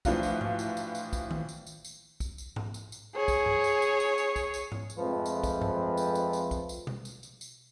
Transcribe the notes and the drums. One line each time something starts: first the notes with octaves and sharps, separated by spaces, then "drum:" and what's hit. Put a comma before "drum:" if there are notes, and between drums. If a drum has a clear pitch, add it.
A2 E3 F3 D4 F4 F#4, drum: kick, tambourine
drum: tambourine
drum: tom G#2
drum: tambourine
drum: tambourine
drum: tambourine
drum: kick, tambourine
drum: tom D#3
drum: tambourine
drum: tambourine
drum: tambourine
drum: kick, tambourine
drum: tambourine
drum: tom G#2
drum: tambourine
drum: tambourine
G#4 C#5
drum: kick, tambourine
drum: tom G2
drum: tambourine
drum: tambourine
drum: tambourine
drum: tambourine
drum: kick, tambourine
drum: tambourine
drum: tom G#2
drum: tambourine
F2 F3 G#3 A3 C4 B4
drum: tambourine
drum: kick, tambourine
drum: tom G2
drum: tambourine
drum: tambourine
drum: tambourine
drum: kick, tambourine
drum: tambourine
drum: tom B2
drum: tambourine
drum: tambourine
drum: tambourine